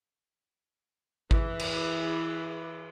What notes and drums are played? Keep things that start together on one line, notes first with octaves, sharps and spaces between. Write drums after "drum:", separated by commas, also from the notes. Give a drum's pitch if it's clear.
E3 G#4 B4, drum: kick G#1
drum: cymbal